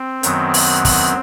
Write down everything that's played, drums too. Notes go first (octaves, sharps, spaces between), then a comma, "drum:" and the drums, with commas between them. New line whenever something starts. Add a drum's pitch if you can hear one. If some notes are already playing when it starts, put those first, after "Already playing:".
Already playing: C4
F#2 D#3 F#3 B3, drum: hi-hat
drum: open hi-hat
drum: kick, open hi-hat